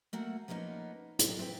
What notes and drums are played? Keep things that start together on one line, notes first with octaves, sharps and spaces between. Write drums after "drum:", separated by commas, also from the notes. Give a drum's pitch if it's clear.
A3 A#3 F#4 F#5
F3 A#3 B3 C#4 D#4
A2 C3 F#3 G#3, drum: hi-hat
E2 A2 C4 B4 G5